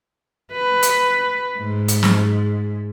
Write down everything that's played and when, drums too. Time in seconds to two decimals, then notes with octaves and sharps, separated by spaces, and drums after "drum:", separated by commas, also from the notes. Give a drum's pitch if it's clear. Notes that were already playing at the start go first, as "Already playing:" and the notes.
0.52 B4
0.83 drum: hi-hat
1.58 G#2
1.88 drum: hi-hat
2.03 drum: snare